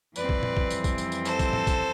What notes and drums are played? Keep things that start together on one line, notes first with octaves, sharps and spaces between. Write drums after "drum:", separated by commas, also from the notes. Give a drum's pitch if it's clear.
F2 E3 G3 C4 B4 D5, drum: tambourine
drum: kick
drum: tom
drum: kick
drum: tambourine
drum: kick, tambourine
drum: tambourine
drum: tambourine
A4 C5, drum: tambourine
drum: kick, tambourine
drum: tom
drum: kick, tambourine